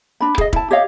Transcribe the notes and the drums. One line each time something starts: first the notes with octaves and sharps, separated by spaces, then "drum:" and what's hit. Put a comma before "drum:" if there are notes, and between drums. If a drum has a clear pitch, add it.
D4 B5
G#4 D#5, drum: kick
E4 A5, drum: kick
G4 C#5 D#5 F5